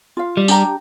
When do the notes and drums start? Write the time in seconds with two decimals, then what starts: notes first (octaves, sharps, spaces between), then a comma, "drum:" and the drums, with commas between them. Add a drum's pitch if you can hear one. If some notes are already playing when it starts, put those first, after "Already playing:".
0.17 F4 F5
0.37 G3
0.48 D4 G4 A#5, drum: tambourine